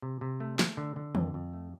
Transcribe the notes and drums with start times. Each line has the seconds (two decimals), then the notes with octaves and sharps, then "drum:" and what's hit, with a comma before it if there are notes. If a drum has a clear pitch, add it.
0.02 C3
0.21 C3
0.40 A3
0.59 A3, drum: snare
0.77 D3
0.96 D3
1.15 F2, drum: tom
1.34 F2
1.53 A3